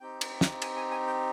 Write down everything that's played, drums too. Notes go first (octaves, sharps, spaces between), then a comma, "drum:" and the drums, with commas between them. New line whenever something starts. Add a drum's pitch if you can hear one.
C4 D#4 G4 G5
drum: cymbal
drum: snare
G#5, drum: cymbal
G#5
G#5
G5